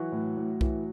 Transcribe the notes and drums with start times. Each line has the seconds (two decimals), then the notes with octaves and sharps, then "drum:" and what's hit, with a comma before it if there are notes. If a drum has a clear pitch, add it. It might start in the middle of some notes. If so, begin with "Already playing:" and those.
Already playing: E3 F#3 F#4
0.12 A2
0.37 A2
0.61 E3, drum: kick B1